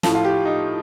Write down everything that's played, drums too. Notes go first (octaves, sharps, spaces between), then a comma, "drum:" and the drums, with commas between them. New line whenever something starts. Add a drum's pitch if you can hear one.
A2 F3 A4, drum: snare
F4
G4
D#4